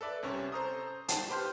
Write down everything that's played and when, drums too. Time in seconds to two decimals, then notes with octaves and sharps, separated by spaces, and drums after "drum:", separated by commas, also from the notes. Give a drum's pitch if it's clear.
0.01 A4 B4 D5 E5
0.23 C2 C3 C#4 C#6
0.52 A4 C5 A#5 D#6
1.08 A5, drum: hi-hat
1.29 G4 B4 C5 C6 F6 G6